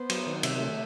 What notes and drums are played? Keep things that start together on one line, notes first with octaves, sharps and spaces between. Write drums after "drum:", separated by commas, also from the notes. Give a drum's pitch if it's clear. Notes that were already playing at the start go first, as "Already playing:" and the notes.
Already playing: B3 C5
F#3, drum: cymbal
D#3
C3 E5, drum: cymbal
A3